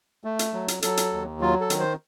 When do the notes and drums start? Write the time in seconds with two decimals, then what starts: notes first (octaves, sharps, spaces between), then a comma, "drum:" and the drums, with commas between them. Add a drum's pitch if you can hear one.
0.24 A3
0.39 drum: hi-hat
0.54 F#3
0.68 drum: hi-hat
0.82 F#3 A4, drum: hi-hat
0.97 drum: hi-hat
1.12 D#2
1.41 F#3 F4
1.61 A4
1.70 D#3, drum: hi-hat
1.80 C5